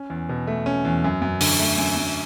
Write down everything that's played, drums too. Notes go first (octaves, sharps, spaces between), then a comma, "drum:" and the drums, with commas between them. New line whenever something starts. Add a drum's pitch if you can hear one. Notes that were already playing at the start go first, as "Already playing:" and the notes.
Already playing: C#4
E2
B2
A3
C#4
E2
F#2
F#2
D3, drum: open hi-hat
A3
F#2
F#2